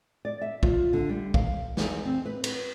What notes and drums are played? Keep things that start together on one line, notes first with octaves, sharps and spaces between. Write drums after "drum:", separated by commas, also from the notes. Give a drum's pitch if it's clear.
D5
E5
F4, drum: kick
D3
G3
F5, drum: kick
E2, drum: snare
C4
B4
B4, drum: cymbal